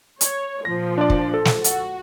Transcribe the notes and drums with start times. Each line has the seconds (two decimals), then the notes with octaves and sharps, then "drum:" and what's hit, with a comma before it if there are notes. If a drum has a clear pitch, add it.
0.21 C#5, drum: hi-hat
0.65 A#2 F3 A#6
0.98 D4 D5
1.10 drum: kick
1.34 A4
1.45 drum: snare
1.64 F#4, drum: hi-hat